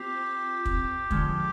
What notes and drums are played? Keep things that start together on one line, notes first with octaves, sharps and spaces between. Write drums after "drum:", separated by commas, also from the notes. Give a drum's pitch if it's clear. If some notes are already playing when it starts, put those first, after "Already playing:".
Already playing: C4 F4 G4
drum: kick
D3 F3 G#3, drum: kick